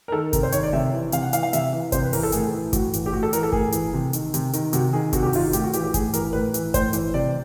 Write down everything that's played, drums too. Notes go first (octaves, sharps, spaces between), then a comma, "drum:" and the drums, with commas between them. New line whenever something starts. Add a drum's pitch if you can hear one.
A#4
D#3 A4
C3 A#4, drum: kick G1, hi-hat
C5
D#3 C#5, drum: hi-hat
D5
C3 E5
E3
C3 F5, drum: hi-hat
F#5
E3 F5, drum: hi-hat
F5
C3 E5, drum: hi-hat
E3
C3 C5, drum: kick G1, hi-hat
B4
E3 A#4, drum: open hi-hat
A4
A2 G#4, drum: hi-hat
E3
A2 F#4, drum: kick G1, hi-hat
E3, drum: hi-hat
G4
A2 F#4
A4
E3 A#4, drum: hi-hat
A4
A2 G#4, drum: kick G1
E3, drum: hi-hat
C3
D#3, drum: hi-hat
C3, drum: hi-hat
D#3, drum: hi-hat
C3 F#4, drum: hi-hat
D#3 G#4
C3 F#4, drum: kick G1, hi-hat
G4
F#4
D#3 F4, drum: open hi-hat
F#4
A2 G4, drum: hi-hat
F#4
E3 G4, drum: hi-hat
G4
A2 G#4, drum: kick G1, hi-hat
E3 A#4, drum: hi-hat
A2 B4
E3, drum: hi-hat
A2 C5, drum: kick G1, hi-hat
E3, drum: hi-hat
C3 D5